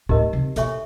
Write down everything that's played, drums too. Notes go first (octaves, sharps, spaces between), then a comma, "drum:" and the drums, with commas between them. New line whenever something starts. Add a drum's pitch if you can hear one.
A2 D#4 G4 A#4 D#5, drum: kick
C3
B2 A4 C#5 E5 G#5 C#6, drum: hi-hat